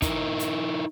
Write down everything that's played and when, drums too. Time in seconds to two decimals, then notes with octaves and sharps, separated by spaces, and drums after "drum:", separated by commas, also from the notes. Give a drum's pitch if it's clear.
0.02 D#4 E4 A#4, drum: kick, hi-hat
0.39 drum: hi-hat